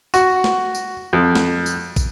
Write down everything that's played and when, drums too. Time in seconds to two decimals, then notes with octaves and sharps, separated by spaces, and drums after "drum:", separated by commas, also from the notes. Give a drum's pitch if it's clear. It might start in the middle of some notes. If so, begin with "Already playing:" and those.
0.14 F#4, drum: tambourine
0.44 drum: snare
0.75 drum: tambourine
1.13 F2
1.35 drum: snare
1.66 drum: tambourine
1.96 drum: kick, tambourine